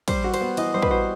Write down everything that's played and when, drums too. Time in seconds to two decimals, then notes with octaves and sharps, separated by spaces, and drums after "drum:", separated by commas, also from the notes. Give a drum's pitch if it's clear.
0.08 G3 C5, drum: kick, cymbal
0.24 F#4
0.34 C5, drum: cymbal
0.41 B3
0.57 E3 D#5, drum: cymbal
0.74 G3 C5
0.82 B4, drum: kick
0.91 F#4 C5